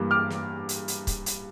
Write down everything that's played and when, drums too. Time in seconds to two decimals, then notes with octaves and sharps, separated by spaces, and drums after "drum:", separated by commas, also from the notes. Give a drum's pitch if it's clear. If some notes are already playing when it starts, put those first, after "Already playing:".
Already playing: G2 E3 G3 A#3
0.11 D6 F6
0.30 drum: snare
0.69 drum: hi-hat
0.88 drum: hi-hat
1.07 drum: kick C#1, hi-hat
1.26 drum: hi-hat